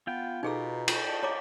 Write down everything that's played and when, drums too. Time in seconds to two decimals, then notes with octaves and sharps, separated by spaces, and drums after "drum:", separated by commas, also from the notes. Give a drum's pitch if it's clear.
0.07 B3 F4 G5
0.43 B2 D#4 G#4 A4 B4 A#5
0.88 F4 G5, drum: cymbal
1.04 D5 A5
1.23 C#5 A#5 D6